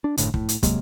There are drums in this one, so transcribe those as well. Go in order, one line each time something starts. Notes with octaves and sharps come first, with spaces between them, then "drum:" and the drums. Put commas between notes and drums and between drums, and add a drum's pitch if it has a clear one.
D4
F#1 B1 A2 D3, drum: hi-hat
A2, drum: kick
drum: hi-hat
C3 F#3 G#3 A#3, drum: kick, hi-hat